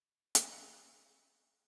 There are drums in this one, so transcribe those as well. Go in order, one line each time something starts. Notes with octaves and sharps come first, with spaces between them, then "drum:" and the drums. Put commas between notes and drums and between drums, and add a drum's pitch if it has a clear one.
A3
G3
drum: hi-hat
F3
D#3
A2
C3